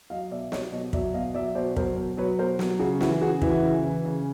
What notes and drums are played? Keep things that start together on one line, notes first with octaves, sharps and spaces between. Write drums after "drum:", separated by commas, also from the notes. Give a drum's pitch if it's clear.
F#3 D#5 F5
B2 D5 E5
F#3 C#5 D#5, drum: snare
B2 C#5 D#5
F#3 D5 E5, drum: kick
B2 D#5 F5
F#3 D5 E5
B2 C5 D5
F#3 A#4 C5, drum: kick
B2
F#3 B4 C#5
B2 A#4 C5
F#3, drum: snare
C#3 F#4 G#4
E3 E4 F#4, drum: snare
C#3 F#4 G#4
E3 E4 F#4, drum: kick
C#3
E3
C#3